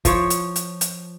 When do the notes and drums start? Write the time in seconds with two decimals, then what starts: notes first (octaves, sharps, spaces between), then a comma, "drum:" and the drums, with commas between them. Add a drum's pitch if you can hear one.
0.05 F3 C#5, drum: kick, hi-hat
0.30 drum: hi-hat
0.56 drum: hi-hat
0.81 drum: hi-hat